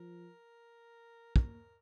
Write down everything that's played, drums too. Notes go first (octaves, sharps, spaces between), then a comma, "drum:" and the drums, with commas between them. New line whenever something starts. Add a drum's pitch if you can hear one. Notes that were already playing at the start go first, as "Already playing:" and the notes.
Already playing: F3 A#4
A#3 A#4, drum: kick